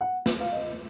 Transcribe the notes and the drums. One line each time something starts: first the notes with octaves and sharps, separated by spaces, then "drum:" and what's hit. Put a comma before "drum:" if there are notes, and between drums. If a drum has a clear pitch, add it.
F#5
drum: snare
F5
D#5